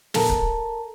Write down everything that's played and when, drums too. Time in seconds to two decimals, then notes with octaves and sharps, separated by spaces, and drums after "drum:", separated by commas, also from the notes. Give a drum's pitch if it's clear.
0.14 A4 A#4 A5 A#5, drum: snare
0.30 drum: kick C#1